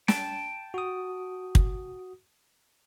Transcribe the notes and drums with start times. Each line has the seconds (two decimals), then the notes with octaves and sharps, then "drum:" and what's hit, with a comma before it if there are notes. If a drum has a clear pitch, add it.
0.08 G5 A5, drum: snare
0.74 F#4 D#6
1.55 drum: kick